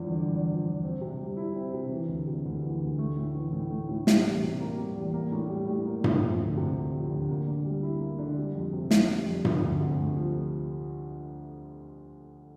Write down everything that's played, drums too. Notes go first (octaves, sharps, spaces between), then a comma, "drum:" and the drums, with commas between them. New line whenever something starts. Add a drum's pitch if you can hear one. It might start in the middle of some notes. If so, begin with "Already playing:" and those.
Already playing: E2 G2 F3
D3
E2
F3
E2
C4
C3
G3
E4
C4
C3
E3
D2
C3
D2
E3
D2
A3
A2
E3
A2
A3
A2
G3, drum: snare
E2
C3
A#3
G3
E2
A#3
A2
G3
A2
A#3
A2, drum: tom G2
F3
D2
C3
D2
F3
D2
A#3
D3
G3
E4
A#3
D3
G3
F2
C3
F2, drum: snare
G3
F2
F3, drum: tom G2
D2
C3
A3
F3